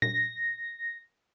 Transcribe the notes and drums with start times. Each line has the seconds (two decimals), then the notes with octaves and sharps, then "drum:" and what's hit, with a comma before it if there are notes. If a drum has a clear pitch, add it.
0.02 A#6, drum: tom A#2